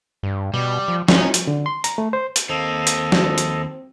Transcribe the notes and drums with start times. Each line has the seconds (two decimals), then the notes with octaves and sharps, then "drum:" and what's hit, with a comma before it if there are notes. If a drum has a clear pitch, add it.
0.23 G2
0.54 B2 G3
0.88 F3
1.08 C#4 D#4, drum: snare
1.34 drum: hi-hat
1.47 D3
1.66 C6
1.84 A#5, drum: hi-hat
1.98 A3
2.13 C5
2.36 drum: hi-hat
2.49 D#2 A#3 C4 A4 D#5
2.87 drum: hi-hat
3.12 drum: snare
3.38 drum: hi-hat